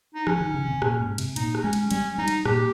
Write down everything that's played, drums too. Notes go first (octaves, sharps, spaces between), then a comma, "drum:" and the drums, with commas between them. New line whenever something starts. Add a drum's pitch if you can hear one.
D#4
F3 C#4, drum: rim click
D#3
C#3
C3
A#2, drum: rim click
G#2
C3, drum: cymbal
A#2 D#4, drum: cymbal
drum: rim click
G#3 C#4
drum: cymbal
G3 C#4, drum: cymbal
G3 D#4
drum: cymbal
A#2 G4, drum: rim click